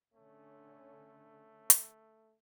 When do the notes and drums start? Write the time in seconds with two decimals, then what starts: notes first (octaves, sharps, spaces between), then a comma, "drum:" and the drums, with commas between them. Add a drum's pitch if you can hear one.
0.14 D3 A3 C#4
1.70 drum: hi-hat